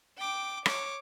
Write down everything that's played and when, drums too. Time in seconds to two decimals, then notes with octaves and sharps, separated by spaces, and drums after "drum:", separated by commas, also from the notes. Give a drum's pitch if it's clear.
0.17 G5 D6
0.66 C#5 D6, drum: rim click